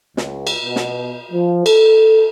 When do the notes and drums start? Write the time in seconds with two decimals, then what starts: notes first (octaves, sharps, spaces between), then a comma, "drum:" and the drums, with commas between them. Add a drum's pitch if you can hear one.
0.17 C#2, drum: snare
0.47 drum: cymbal
0.65 B2
0.76 drum: snare
1.32 F3
1.66 A4, drum: cymbal